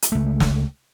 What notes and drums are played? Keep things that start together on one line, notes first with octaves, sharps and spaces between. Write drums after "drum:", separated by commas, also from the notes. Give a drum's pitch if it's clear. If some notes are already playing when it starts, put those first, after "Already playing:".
drum: hi-hat
C#2 A3
drum: snare